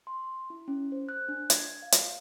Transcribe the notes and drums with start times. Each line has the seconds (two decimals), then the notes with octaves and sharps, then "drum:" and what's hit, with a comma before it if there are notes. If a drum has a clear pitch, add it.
0.07 C6
0.50 E4
0.68 C#4
0.92 C5
1.09 F#6
1.29 D4
1.50 G#6, drum: hi-hat
1.82 F5
1.92 drum: hi-hat